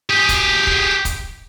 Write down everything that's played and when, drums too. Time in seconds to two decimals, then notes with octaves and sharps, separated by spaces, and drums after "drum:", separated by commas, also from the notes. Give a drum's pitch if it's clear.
0.10 G4 G#4
0.29 drum: kick, hi-hat
0.67 drum: kick
1.05 drum: kick, hi-hat